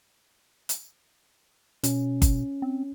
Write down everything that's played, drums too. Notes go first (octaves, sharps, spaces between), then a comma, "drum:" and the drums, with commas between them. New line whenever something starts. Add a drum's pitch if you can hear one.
drum: hi-hat
B2 C#4, drum: hi-hat
drum: kick G1, hi-hat
C4